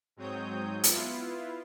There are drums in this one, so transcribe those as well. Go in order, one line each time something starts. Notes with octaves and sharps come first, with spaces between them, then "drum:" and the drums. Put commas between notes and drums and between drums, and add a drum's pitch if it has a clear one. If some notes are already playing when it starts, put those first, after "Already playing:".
G#2 F#3 C4 C#5 D#6 G6
B3 E4 F4, drum: hi-hat